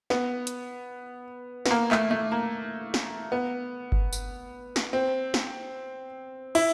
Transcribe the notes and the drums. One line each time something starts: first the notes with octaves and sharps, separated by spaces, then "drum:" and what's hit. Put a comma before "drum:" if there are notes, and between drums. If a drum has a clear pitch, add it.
B3, drum: snare
drum: hi-hat
B3, drum: snare
A#3
A3, drum: clap
A3
A#3
drum: snare
B3
drum: kick G1
drum: tambourine
drum: snare
C4
drum: snare
E4, drum: cymbal